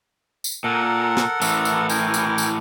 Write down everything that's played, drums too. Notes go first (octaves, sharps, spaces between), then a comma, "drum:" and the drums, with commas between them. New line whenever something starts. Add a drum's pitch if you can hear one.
drum: tambourine
A#2 A4 A#4 F#5
drum: snare
A2 E3, drum: tambourine
drum: tambourine
A#4 G5 G#5, drum: tambourine
drum: tambourine
drum: tambourine